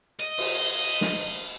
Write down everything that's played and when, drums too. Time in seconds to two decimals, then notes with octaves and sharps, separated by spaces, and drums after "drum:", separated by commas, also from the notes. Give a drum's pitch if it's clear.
0.20 D#5
0.38 drum: cymbal
1.01 drum: snare